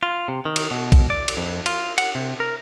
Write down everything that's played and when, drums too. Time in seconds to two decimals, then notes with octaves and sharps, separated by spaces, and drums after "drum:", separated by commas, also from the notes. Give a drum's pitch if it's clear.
0.03 F4
0.28 C3
0.45 D#3
0.56 drum: cymbal
0.71 B2
0.92 drum: kick, cymbal
1.10 D5
1.28 drum: cymbal
1.37 F2
1.66 F4, drum: cymbal
1.98 F#5, drum: cymbal
2.15 C3
2.40 A#4